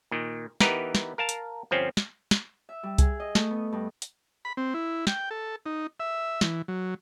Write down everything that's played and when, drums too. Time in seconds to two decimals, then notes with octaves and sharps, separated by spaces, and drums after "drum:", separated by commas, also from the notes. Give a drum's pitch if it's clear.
0.11 A#2 D#3
0.60 E3 B3 D#4 G4 A#4 B4, drum: snare
0.95 drum: snare
1.18 A#4 F5 A5
1.29 drum: hi-hat
1.71 G1 F3 C4 C#4
1.97 drum: snare
2.31 drum: snare
2.69 E5
2.83 G3
2.98 G#4, drum: kick C2, hi-hat
3.20 D#5
3.35 A3, drum: snare
3.51 B3
3.72 G2
4.02 drum: hi-hat
4.45 B5
4.57 C4
4.74 E4
5.07 G5, drum: snare
5.31 A4
5.66 D#4
6.00 E5
6.41 E3, drum: snare
6.68 F#3